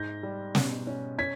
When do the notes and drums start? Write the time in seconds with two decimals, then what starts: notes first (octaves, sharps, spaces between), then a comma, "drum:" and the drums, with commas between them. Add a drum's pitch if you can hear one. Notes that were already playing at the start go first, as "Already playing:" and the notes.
Already playing: G#2 G6 A#6
0.23 G3
0.55 B2, drum: snare
0.87 C#4
1.19 C#4 G#6 B6